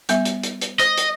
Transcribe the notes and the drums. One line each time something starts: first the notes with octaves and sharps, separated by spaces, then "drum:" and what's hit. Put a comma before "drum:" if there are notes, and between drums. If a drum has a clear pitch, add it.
G3 B3 E5, drum: hi-hat
drum: hi-hat
drum: hi-hat
drum: hi-hat
C5 D#5, drum: hi-hat
drum: hi-hat